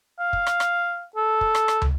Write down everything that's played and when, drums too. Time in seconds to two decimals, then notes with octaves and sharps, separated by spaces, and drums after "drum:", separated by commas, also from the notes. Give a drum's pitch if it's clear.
0.19 F5
0.33 drum: kick
0.46 drum: rim click
0.60 drum: rim click
1.16 A4
1.41 drum: kick
1.55 drum: rim click
1.68 drum: rim click
1.82 drum: tom